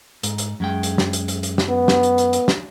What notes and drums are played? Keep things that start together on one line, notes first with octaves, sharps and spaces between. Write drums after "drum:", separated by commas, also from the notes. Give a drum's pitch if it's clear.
G#2, drum: hi-hat
drum: hi-hat
F#2 G#3 G5
drum: hi-hat
drum: snare
drum: hi-hat
drum: hi-hat
drum: hi-hat
drum: snare
B3
drum: snare
drum: hi-hat
drum: hi-hat
drum: hi-hat
drum: snare